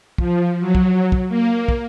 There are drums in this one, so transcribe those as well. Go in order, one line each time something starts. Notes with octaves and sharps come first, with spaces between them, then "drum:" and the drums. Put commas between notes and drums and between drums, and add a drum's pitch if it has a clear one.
F3, drum: kick
F#3
drum: kick
drum: kick
A#3
drum: kick